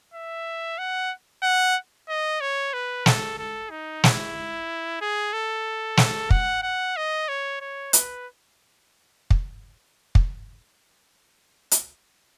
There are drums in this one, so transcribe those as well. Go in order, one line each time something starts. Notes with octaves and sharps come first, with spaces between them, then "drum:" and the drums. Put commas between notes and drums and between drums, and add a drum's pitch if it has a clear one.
E5
F#5
F#5
D#5
C#5
B4
A4, drum: snare
A4
D#4
E4, drum: snare
G#4
A4
drum: snare
F#5, drum: kick
F#5
D#5
C#5
C#5
B4, drum: hi-hat
drum: kick
drum: kick
drum: hi-hat